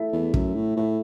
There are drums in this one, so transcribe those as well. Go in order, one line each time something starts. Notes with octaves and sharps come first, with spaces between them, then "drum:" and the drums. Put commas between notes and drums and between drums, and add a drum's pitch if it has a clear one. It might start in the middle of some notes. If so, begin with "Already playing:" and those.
Already playing: A3 E4 A4 E5
E2
F#2 A3, drum: kick
A2
A2 E4 A4 E5